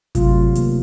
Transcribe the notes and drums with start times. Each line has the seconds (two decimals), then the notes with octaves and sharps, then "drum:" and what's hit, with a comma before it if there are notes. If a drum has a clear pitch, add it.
0.15 C3 F#3 A3 F4, drum: kick G#1, hi-hat
0.55 D#3 A#3, drum: hi-hat